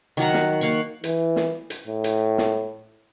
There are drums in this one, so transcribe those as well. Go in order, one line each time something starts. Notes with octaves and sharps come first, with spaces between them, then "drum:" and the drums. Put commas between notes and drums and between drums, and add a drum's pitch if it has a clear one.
D#3 F#3 F#5 A#5
drum: snare
A#3 F5 F#5 C#6
E3, drum: hi-hat
drum: snare
drum: hi-hat
A2
drum: hi-hat
drum: snare